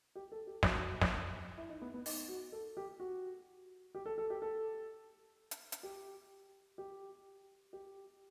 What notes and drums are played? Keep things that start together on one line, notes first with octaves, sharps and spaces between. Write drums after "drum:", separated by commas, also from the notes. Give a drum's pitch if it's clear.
G4
A4
G4
F#4, drum: snare
drum: snare
E4
D#4
B3
B3
D#4, drum: open hi-hat
F#4
A4
G4
F#4
G4
A4
A4
G4
A4
drum: hi-hat
drum: hi-hat
G4
G4
G4